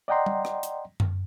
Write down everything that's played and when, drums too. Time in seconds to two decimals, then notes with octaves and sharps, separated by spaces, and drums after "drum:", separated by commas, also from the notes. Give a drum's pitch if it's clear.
0.08 D5 D#5 F#5 G5 A#5 C6
0.26 drum: tom G3
0.45 drum: rim click
0.63 drum: hi-hat
1.00 drum: tom F#2